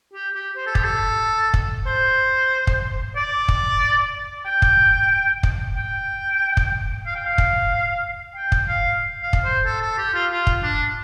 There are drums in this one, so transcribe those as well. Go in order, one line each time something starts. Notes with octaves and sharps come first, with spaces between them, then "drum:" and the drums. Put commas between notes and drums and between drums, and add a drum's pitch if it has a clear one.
G4
G4
C5
A4
G4, drum: kick
A4
drum: kick
C5
drum: kick
D5
drum: kick
G5
drum: kick
drum: kick
G5
drum: kick
F5
G5
F5
drum: kick
G5
drum: kick
F5
F5
drum: kick
C5
A4
A4
G4
F4
F4
drum: kick
D4